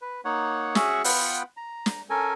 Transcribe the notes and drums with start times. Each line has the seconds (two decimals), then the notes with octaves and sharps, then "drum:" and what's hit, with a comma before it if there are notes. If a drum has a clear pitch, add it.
0.02 B4
0.25 A#3 D#4 C#5 F#5
0.75 C#4 F#4 G#4 E5 F#5 C#6, drum: snare
1.04 B3 F4 B4 F#5 G5, drum: open hi-hat
1.57 A#5
1.86 drum: snare
2.10 C#4 A4 A#4 G#5